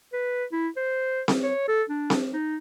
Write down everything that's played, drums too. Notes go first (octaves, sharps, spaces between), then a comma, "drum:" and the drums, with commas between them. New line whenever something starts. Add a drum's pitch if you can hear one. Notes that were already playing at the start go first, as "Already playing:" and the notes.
B4
E4
C5
drum: snare C4
C#5
A4
D4
drum: snare C4
D#4